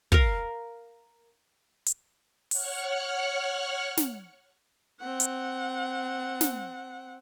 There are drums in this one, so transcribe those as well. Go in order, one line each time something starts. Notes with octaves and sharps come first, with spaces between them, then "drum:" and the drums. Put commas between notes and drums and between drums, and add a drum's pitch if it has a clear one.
A#4 F5, drum: kick
drum: hi-hat
C#5 F#5 C#6 F6 F#6, drum: open hi-hat
drum: snare
C4 F#5
drum: hi-hat
drum: snare